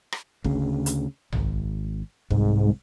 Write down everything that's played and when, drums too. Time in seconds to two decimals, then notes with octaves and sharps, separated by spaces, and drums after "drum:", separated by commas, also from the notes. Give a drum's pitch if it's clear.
0.12 drum: rim click
0.44 D2 C#3, drum: kick
0.86 drum: hi-hat
1.32 D1 G#1, drum: tom B1
2.31 C2 G#2, drum: kick